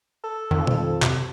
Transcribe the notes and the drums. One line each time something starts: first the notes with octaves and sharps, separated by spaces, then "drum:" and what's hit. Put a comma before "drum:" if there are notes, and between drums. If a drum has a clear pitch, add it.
A4
F2 D#3
drum: tom B2
C3, drum: clap